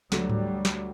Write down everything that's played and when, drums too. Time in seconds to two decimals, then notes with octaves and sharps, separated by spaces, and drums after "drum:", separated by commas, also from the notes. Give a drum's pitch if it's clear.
0.12 D2 F#3 G3, drum: snare
0.29 drum: tom G#2
0.65 drum: snare